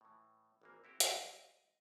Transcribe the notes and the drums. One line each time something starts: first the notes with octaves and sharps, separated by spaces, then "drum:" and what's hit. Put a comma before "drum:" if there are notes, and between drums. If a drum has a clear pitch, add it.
A2 E3
G#1 E3 A#3
C4 E4 F#4 G4
C2 F2, drum: hi-hat
D#5